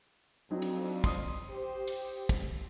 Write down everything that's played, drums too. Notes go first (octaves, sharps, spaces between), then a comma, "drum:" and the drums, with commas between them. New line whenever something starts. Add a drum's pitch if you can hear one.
F2 F#3 C4 D4 D#4
drum: cymbal
C6 D#6, drum: kick, cymbal
G4 C5
drum: cymbal
drum: kick, cymbal